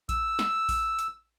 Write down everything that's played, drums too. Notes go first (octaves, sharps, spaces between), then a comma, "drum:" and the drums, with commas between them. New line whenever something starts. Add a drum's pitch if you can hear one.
E6, drum: kick A#1, hi-hat
drum: snare
drum: kick A#1, open hi-hat
drum: hi-hat